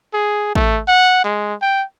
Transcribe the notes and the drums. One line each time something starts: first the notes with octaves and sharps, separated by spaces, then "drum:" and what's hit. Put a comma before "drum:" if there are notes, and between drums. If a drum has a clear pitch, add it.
G#4
A3, drum: kick
F#5
G#3
G5